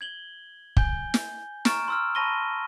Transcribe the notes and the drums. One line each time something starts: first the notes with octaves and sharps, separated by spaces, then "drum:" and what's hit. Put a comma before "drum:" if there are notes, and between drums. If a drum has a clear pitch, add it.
G#6 F#7 G7
G#5 G6 G7, drum: kick
drum: snare
A#5 C#6 F6 A6 D7 E7, drum: snare
C6 E6 F6
A5 B5 C#6 A#6 D#7 G7